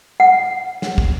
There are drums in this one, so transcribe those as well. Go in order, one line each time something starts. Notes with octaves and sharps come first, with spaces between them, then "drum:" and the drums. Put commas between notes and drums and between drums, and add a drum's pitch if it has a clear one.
F#5
drum: snare
drum: kick